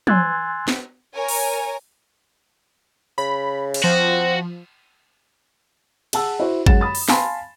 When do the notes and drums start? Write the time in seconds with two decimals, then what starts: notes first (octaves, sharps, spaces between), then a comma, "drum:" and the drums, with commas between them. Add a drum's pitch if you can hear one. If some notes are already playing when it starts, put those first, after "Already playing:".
0.07 G#5 C6 E6 F#6 G#6 A6, drum: tom
0.68 drum: snare
1.14 A#4 C#5 G#5 A#5
1.28 drum: open hi-hat
3.18 C#3 B5
3.74 drum: cymbal
3.84 F3 C4 F#4
6.13 G#4 F#5 A5 E6, drum: cymbal
6.39 E4 F#4 C5
6.66 F#2 G#3 F#5 A6 E7, drum: kick G#1
6.81 B5 D#6 A6
6.95 drum: open hi-hat
7.09 F5 G#5 A5 B5 C6, drum: snare